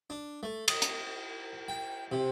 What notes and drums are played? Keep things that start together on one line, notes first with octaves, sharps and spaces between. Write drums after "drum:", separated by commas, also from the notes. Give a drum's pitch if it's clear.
D4
A3
D#5, drum: cymbal
drum: hi-hat
G5
C3